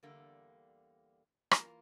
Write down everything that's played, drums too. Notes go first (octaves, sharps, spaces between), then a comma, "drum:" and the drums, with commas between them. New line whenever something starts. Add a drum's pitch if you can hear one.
E2 D3 G3 A#3
E3 A#3 F4 A#4, drum: rim click